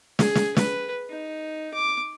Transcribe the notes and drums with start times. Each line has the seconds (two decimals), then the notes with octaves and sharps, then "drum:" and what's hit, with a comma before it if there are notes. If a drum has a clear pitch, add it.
0.19 G#4, drum: snare
0.35 drum: snare
0.57 B4, drum: snare
1.10 D#4
1.74 D6